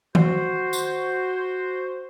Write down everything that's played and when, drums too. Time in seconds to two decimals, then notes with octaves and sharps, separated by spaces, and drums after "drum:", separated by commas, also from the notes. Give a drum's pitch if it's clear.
0.15 F#4 C5, drum: tom D#3
0.73 drum: tambourine